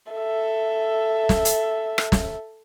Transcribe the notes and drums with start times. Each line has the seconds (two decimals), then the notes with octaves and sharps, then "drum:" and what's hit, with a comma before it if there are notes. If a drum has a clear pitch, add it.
0.13 A4 E5
1.29 drum: snare
1.45 drum: hi-hat
1.98 drum: rim click
2.12 drum: snare